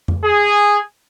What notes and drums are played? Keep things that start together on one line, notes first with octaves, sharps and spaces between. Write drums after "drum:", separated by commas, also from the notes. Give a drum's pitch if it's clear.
drum: tom F2
G#4